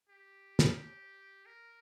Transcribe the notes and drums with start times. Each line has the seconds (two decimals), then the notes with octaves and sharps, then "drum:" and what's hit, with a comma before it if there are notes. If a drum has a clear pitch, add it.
0.09 G4
0.59 drum: snare
0.77 G4
1.46 A#4